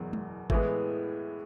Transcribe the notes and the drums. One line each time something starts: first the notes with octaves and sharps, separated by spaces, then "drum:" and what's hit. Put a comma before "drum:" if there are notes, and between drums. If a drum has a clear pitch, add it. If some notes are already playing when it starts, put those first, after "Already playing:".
Already playing: F#1 E2 B2 F#3
drum: tom G#3
A2 E3 G#3 B3, drum: kick G#1